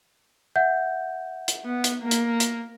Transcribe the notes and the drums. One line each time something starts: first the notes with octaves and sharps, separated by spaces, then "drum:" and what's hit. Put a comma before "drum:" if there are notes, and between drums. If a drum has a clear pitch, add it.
E5 F#5 G6
drum: hi-hat
B3
drum: hi-hat
A#3
drum: hi-hat
drum: hi-hat